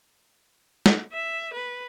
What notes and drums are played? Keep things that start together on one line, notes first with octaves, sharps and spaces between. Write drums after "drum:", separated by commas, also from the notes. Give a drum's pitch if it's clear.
drum: snare
E5
B4